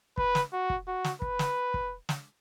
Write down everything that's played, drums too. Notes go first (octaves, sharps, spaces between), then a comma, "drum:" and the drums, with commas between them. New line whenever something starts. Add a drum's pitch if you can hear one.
B4, drum: kick
drum: snare
F#4
drum: kick
F#4
drum: snare
B4, drum: kick
drum: snare
drum: kick
drum: snare